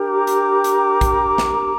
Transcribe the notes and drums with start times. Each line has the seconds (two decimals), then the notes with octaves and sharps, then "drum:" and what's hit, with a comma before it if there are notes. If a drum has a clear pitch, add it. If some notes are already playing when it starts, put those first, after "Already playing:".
Already playing: D4 G4 A#4
0.08 A#5 D6
0.27 drum: hi-hat
0.64 drum: hi-hat
1.01 drum: kick A#1, hi-hat
1.38 drum: snare